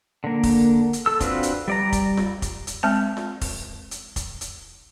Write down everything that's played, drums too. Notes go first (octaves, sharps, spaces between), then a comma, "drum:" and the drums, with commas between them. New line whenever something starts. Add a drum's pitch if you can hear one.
D3 A#3
drum: kick F1, open hi-hat
drum: hi-hat
A4 E6
C4 D4 F4 F#4 B4, drum: kick F1, hi-hat
drum: hi-hat
G3 D5 A#5
drum: kick F1, hi-hat
drum: snare F4
drum: kick F1, hi-hat
drum: hi-hat
G#3 C4 A5
drum: snare F4
drum: kick F1, open hi-hat
drum: hi-hat
drum: kick F1, hi-hat
drum: hi-hat